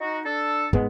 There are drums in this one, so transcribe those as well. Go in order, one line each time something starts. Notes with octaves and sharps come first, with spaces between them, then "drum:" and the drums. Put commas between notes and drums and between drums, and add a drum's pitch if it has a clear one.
D#4 F#4
D4 A4
G#2 G#3 B3, drum: kick